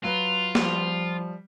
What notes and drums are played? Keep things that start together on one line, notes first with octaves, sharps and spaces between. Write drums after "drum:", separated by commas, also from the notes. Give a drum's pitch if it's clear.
F#3 F4 B4
F3 G3, drum: snare